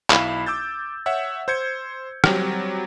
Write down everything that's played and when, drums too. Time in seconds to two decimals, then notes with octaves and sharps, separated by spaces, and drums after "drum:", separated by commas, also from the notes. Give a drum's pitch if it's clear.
0.10 B1 E4 F5 B5 E7, drum: clap
0.46 D6 E6 G6 A6
1.06 C#5 E5 F#5 E6
1.48 C5 G6 G#6 C#7
2.24 F#3 G3 C4 G4, drum: rim click